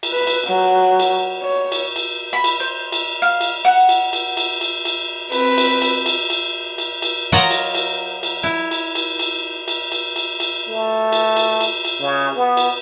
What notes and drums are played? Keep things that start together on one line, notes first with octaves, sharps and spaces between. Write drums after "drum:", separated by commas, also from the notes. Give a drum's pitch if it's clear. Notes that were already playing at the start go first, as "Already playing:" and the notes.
drum: cymbal
B4
drum: cymbal
F#3
drum: cymbal
C#5
drum: cymbal
drum: cymbal
B5
drum: cymbal
C5
drum: cymbal
F5
drum: cymbal
F#5
drum: cymbal
drum: cymbal
drum: cymbal
drum: cymbal
drum: cymbal
C4 B4, drum: cymbal
drum: cymbal
drum: cymbal
drum: cymbal
drum: cymbal
drum: cymbal
drum: cymbal
F#3 F4 A#4 D#5 F#5 A#5
drum: cymbal
drum: cymbal
drum: cymbal
E4
drum: cymbal
drum: cymbal
drum: cymbal
drum: cymbal
drum: cymbal
drum: cymbal
drum: cymbal
A3
drum: cymbal
drum: cymbal
drum: cymbal
drum: cymbal
C#3
B3
drum: cymbal